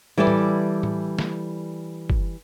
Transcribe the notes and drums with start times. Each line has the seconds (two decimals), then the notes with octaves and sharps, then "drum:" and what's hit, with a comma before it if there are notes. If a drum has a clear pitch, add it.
0.17 E3 G3 E4 A4 D5
0.27 drum: tom A2
0.83 drum: tom A2
1.18 drum: snare
2.10 drum: kick F#1